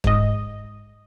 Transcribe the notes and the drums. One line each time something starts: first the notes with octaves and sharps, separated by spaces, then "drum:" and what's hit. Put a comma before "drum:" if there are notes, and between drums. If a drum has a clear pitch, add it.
G#2 D#5, drum: kick